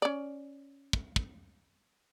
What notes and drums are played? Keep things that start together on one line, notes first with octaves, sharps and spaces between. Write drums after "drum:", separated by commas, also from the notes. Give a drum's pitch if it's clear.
C#4 D5
drum: kick
drum: kick